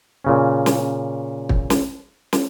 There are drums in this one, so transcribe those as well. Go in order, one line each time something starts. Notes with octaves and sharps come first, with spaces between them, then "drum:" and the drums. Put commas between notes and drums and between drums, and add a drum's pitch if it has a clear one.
A#2 C#3 C#4
drum: snare
drum: kick
drum: snare
drum: snare